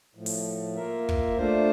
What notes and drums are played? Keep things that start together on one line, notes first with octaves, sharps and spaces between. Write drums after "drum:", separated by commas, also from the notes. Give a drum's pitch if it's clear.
A2 F3 A3
drum: open hi-hat
A#3 F4 A#4 E5
drum: kick
A3 D4 F4 C5